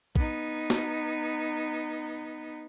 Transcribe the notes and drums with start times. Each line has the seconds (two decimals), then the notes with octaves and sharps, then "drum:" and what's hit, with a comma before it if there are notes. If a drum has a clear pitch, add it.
0.16 B3 D#4, drum: kick
0.70 drum: snare